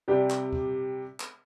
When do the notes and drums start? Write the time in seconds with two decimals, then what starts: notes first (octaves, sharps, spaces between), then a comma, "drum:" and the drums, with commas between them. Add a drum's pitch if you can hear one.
0.08 C3 G3 D4 G4
0.30 drum: clap
0.53 drum: kick D2
1.20 drum: clap